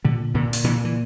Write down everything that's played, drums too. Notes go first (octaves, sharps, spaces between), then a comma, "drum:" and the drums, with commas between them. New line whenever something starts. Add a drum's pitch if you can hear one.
A#2 D3
A#2 D3
drum: open hi-hat
A#2 D3 E3
E3